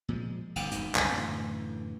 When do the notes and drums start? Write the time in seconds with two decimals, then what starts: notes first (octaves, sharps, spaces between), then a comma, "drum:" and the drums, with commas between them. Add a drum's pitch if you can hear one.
0.09 A#2 F3 G3 G#3
0.56 G1, drum: cymbal
0.71 E1 G#2, drum: hi-hat
0.95 C#2 G2 D3 E3, drum: clap
1.12 F#2 A2 D3 E3